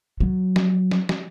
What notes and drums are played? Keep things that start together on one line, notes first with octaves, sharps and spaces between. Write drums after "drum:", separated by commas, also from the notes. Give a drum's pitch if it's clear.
F#3
drum: snare
drum: snare
drum: snare